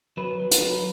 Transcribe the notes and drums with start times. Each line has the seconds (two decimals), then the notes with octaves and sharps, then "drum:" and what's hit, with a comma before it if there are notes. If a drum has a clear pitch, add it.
0.17 F#3 B4
0.40 F#3
0.51 drum: hi-hat
0.62 F#3